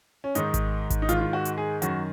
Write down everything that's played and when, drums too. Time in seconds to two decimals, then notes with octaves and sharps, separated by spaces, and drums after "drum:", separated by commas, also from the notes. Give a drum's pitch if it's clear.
0.24 C#4
0.35 G#2 D#3 D#4, drum: hi-hat
0.54 drum: kick G#1, hi-hat
0.90 drum: kick G#1, hi-hat
1.02 D#4
1.09 G#2 D#3 F4, drum: hi-hat
1.21 F4
1.33 F#4
1.45 drum: hi-hat
1.58 G#4
1.82 F#2 D#3 F#4, drum: hi-hat